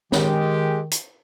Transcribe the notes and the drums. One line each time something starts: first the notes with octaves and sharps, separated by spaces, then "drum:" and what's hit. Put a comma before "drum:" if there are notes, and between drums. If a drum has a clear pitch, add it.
D#3 G#3 G4, drum: snare
drum: hi-hat